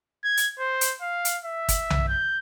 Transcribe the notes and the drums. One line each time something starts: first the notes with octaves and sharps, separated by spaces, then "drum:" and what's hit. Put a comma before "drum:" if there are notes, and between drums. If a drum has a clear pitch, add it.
G#6
drum: hi-hat
C5
drum: hi-hat
F5
drum: hi-hat
E5
drum: kick, hi-hat
drum: tom B1
G6